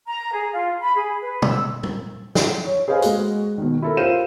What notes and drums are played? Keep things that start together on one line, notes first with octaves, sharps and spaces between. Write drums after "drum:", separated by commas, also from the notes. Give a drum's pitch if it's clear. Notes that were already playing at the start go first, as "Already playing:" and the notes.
A#5
G#4
F4
B5
G#4
B4
E6, drum: tom
drum: tom
drum: snare
C#5
G#4 B4 C5 D#5 F5 G#5
G#3 F#4, drum: hi-hat
B2 D#3
E4 A4 A#4
F4 G4 C5 F5 D#7 E7